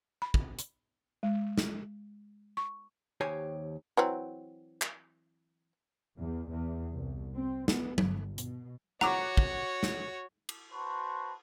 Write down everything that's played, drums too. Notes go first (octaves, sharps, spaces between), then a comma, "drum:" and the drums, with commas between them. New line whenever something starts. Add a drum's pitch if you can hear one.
B5
drum: kick
drum: hi-hat
G#3
drum: snare
C#6
D#2 G4 C5 C#5 G#5
E3 F#3 C4
drum: clap
E2
E2
C2
C4
B3, drum: snare
G1, drum: tom
B2, drum: hi-hat
F#4 C#5 F#5 A#5 D6, drum: rim click
drum: kick
drum: snare
drum: cymbal
F#4 B4 C5 A5 C6 C#6